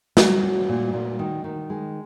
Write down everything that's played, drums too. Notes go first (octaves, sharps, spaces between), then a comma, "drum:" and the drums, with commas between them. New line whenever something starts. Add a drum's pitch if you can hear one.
F#3 F#4, drum: snare
C#4
A#2
A#2
D#3
D#3
G#3